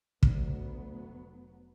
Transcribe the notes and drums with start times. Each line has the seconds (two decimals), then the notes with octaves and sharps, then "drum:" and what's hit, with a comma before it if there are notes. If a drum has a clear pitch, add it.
0.23 F1 D2 F#3 B3, drum: kick